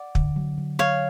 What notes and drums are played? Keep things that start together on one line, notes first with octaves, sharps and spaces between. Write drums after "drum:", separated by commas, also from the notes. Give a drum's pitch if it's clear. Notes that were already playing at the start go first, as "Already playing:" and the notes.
Already playing: D5 F#5
D3, drum: kick
F#3
F#3
F#3 C#5 F5